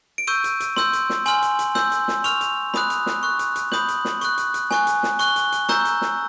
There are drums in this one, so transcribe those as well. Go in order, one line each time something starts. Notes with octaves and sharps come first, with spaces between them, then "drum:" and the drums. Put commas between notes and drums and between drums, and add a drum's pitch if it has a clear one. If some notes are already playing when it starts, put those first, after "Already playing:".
D7
C#6 E6 G6 D#7
drum: hi-hat
drum: hi-hat
C6 E6 G6, drum: snare
drum: hi-hat
drum: snare
G#5 C6 F6 F#7, drum: hi-hat
drum: hi-hat
drum: hi-hat
C6 E6 G6, drum: snare
drum: hi-hat
drum: snare
C#6 F6 F7, drum: hi-hat
drum: hi-hat
B5 D#6 F#6, drum: snare
drum: hi-hat
drum: snare
C#6 F#6
drum: hi-hat
drum: hi-hat
B5 D#6 G6 F#7, drum: snare
drum: hi-hat
drum: snare
C#6 F#6, drum: hi-hat
drum: hi-hat
drum: hi-hat
G#5 C#6 F#6, drum: snare
drum: hi-hat
drum: snare
C#6 F#6 G7, drum: hi-hat
drum: hi-hat
drum: hi-hat
A#5 C#6 E6 G6, drum: snare
drum: hi-hat
drum: snare